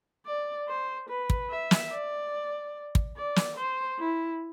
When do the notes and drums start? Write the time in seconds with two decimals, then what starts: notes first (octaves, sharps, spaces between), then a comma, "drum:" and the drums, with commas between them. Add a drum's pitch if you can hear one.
0.26 D5
0.68 C5
1.09 B4
1.30 drum: kick
1.50 E5
1.71 drum: snare
1.91 D5
2.95 drum: kick
3.16 D5
3.36 drum: snare
3.57 C5
3.99 E4